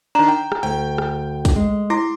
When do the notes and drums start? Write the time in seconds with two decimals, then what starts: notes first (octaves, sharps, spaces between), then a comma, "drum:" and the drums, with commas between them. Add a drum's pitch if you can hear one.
0.15 D#3 D4 A#5
0.28 G5
0.52 drum: rim click
0.63 D2 G5
0.98 drum: rim click
1.45 drum: kick, hi-hat
1.56 G#3
1.90 E4 C6 D6 A#6